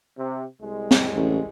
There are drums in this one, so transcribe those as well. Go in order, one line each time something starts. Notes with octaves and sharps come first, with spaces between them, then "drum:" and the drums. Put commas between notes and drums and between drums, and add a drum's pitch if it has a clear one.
C3
C2 G#3
drum: snare
A1